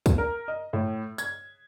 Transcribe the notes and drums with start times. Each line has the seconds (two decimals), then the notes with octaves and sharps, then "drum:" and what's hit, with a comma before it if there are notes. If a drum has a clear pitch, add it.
0.06 drum: kick, tambourine
0.18 A#4
0.48 D#5
0.73 A2
1.18 G#6, drum: tambourine